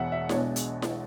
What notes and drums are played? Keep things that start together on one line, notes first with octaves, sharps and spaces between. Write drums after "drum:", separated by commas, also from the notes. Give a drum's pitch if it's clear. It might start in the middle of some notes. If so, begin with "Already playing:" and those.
Already playing: E1 E2 B2 E5 F#5
E5
B1 B2 G#3 D4 C#5, drum: snare E4
drum: hi-hat
drum: snare E4